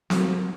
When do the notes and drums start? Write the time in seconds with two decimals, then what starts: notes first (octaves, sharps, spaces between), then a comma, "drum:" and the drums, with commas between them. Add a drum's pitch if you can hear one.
0.10 F#3 A#3, drum: snare C4